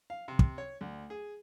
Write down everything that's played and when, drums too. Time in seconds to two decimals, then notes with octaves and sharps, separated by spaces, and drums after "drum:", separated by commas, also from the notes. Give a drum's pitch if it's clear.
0.10 F5
0.28 C3
0.39 drum: kick
0.58 C#5
0.81 D2
1.10 G#4